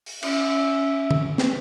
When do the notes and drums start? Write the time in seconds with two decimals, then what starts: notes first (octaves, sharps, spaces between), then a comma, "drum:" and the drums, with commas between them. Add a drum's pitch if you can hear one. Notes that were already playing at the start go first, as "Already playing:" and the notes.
0.06 drum: open hi-hat
0.23 C#4 E5, drum: cymbal
1.11 drum: tom
1.38 drum: snare